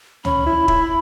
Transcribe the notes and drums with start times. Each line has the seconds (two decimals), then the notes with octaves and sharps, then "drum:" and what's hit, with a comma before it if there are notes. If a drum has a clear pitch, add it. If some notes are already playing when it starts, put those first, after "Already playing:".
0.25 C#4 B5, drum: tom C#2
0.46 E4
0.68 E4, drum: kick